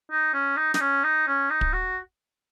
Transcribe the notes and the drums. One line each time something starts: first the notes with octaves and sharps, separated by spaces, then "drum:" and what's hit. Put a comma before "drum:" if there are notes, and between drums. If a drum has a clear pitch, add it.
D#4
C#4
D#4
D#4, drum: snare
C#4
D#4
C#4
D#4
drum: kick
F#4